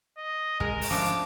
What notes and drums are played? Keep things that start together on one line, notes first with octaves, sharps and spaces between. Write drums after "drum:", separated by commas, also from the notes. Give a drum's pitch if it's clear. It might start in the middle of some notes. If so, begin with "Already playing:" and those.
D#5
G#3 A#4, drum: kick
drum: open hi-hat
F3 A3 D4 D6